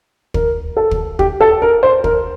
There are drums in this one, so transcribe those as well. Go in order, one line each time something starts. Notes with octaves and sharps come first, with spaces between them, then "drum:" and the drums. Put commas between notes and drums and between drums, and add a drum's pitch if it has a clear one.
A#4, drum: kick
A4
drum: kick
G4, drum: kick
A4
A#4
C5
A#4, drum: kick